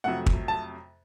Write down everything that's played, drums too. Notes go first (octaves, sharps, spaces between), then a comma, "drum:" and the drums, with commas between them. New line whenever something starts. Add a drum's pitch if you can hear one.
F2 C3 F#3 A3 F#5
drum: kick
A5